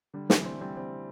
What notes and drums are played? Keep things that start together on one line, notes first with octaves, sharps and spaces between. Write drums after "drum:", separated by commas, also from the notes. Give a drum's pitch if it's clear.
D3 G3
E3 A3, drum: snare
G3 C4
G3 C4
G3 C4